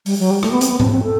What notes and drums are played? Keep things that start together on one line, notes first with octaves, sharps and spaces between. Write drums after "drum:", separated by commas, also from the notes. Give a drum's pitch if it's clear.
G3, drum: open hi-hat
F#3
G3
A3, drum: rim click
B3
C4, drum: hi-hat
B3
C4, drum: tom G#2
C4
A4